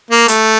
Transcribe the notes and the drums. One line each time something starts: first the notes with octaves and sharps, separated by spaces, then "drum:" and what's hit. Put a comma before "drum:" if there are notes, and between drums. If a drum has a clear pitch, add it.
A#3
A3, drum: hi-hat